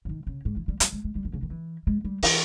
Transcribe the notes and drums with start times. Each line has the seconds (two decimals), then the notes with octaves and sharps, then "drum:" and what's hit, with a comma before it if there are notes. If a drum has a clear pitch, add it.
0.05 C#3
0.09 D#3
0.27 C#3
0.45 G#2
0.56 E3
0.68 G3
0.80 G3, drum: hi-hat
0.93 G#3
1.04 G#3
1.15 G3
1.25 D#3
1.33 C#3
1.42 D#3
1.51 E3
1.87 G#3
2.05 G3
2.23 E3, drum: open hi-hat